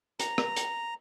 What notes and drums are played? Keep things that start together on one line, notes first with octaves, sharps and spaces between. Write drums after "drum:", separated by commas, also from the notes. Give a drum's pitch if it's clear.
A#5, drum: hi-hat
drum: rim click
drum: hi-hat